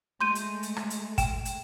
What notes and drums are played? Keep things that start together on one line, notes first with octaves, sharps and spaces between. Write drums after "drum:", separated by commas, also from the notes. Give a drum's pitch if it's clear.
G#3 A3 C6 G6 D#7
drum: hi-hat
drum: hi-hat
drum: rim click
drum: hi-hat
G5 E7, drum: kick, hi-hat
drum: hi-hat